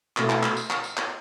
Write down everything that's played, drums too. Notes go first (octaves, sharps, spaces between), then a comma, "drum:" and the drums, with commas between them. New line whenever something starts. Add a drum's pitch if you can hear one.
B2 A3 E4, drum: clap
drum: clap
drum: clap
drum: tambourine
drum: clap
drum: tambourine
drum: clap